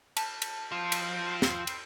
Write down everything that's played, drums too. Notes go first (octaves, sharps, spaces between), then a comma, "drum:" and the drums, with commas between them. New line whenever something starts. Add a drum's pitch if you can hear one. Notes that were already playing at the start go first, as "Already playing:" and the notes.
A5, drum: cymbal
drum: cymbal
F3 C4
drum: cymbal
drum: snare
drum: cymbal